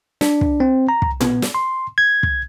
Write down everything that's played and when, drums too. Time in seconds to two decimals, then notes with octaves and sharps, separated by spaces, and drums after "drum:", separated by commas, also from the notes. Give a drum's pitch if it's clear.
0.21 D4, drum: snare
0.41 drum: kick
0.60 C4
0.89 A#5
1.02 drum: kick
1.21 B3, drum: tom A#2
1.42 drum: snare
1.55 C6
1.98 G#6
2.23 drum: kick